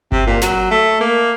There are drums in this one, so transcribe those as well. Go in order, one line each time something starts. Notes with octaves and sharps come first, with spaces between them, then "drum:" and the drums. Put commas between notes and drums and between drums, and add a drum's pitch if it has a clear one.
C3, drum: kick G1
A#2
F#3, drum: snare
A3
A#3